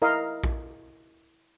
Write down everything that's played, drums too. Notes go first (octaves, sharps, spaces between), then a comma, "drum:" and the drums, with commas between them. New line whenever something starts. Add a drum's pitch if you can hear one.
E4 A#4 D#5 F5
drum: kick A#1